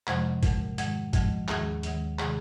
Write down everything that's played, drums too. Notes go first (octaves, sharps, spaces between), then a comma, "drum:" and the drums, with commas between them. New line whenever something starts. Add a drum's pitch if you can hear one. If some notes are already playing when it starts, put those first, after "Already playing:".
F2 C3 F3 G#3 C5, drum: clap
G#2 G#3 A#4, drum: kick, hi-hat
G#2 D#3 G#3, drum: hi-hat
G#2 F3 G#3, drum: kick, hi-hat
D#2 D#3 G#3 G#4, drum: clap
D#2 D#3 G#3, drum: hi-hat
C3 D#3 G#3 G#4, drum: clap